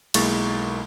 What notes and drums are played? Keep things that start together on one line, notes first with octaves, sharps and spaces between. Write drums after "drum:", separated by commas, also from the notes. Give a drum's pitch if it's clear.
B1 G#3 A#3 E4 C#6 A6, drum: cymbal